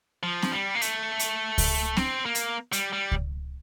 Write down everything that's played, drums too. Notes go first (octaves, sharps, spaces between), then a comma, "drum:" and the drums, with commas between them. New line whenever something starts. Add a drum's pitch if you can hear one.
F3
drum: snare C4
G3
A#3
A3, drum: hi-hat
drum: hi-hat
drum: kick C#2, open hi-hat
C4, drum: snare C4
A#3
drum: hi-hat
G3, drum: hi-hat
G3
drum: kick C#2